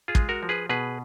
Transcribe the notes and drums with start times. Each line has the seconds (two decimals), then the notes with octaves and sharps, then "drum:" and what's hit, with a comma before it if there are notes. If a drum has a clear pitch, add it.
0.08 F4 G#4
0.15 G#3, drum: kick
0.29 F#4 A#4
0.43 F3
0.49 G#4 B4
0.69 B2 G#4 B4